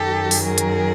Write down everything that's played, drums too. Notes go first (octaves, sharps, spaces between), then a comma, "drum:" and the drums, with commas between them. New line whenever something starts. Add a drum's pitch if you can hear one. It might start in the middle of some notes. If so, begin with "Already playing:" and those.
Already playing: F#2 D#3 F#3 G4 A4
drum: open hi-hat
G#4 A#4
drum: hi-hat